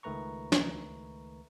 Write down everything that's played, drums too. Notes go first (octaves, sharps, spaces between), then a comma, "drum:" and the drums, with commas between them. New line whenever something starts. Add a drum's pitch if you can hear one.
C#2 D#3 A3 B4 A#5 C#6
drum: snare